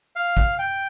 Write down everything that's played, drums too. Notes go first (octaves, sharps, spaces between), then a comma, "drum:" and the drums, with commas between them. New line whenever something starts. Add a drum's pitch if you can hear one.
F5
drum: kick
G5